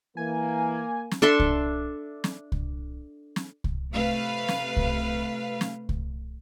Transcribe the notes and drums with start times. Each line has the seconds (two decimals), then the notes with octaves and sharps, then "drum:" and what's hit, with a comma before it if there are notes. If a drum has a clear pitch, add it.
0.17 E3 A#3 G#5
1.11 drum: snare
1.22 D4 A4 E5 C6
1.40 drum: kick C2
2.24 drum: snare
2.52 drum: kick C2
3.36 drum: snare
3.64 drum: kick C2
3.92 C3 A3 B4 F5
4.48 drum: snare
4.77 drum: kick C2
5.61 drum: snare
5.89 drum: kick C2